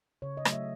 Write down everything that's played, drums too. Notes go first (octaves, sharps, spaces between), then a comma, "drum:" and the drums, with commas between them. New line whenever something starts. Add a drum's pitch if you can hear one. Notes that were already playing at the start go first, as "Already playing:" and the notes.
C#3 C#5
D#5
F#3 A3, drum: rim click
E5